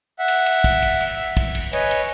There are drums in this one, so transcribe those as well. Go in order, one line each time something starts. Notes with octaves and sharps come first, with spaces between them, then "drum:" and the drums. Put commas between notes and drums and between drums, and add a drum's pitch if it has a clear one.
E5 F#5
drum: cymbal
drum: cymbal
drum: kick, cymbal
drum: cymbal
drum: cymbal
E5
drum: kick, cymbal
drum: cymbal
B4 C#5 D#5 G#5, drum: cymbal
drum: cymbal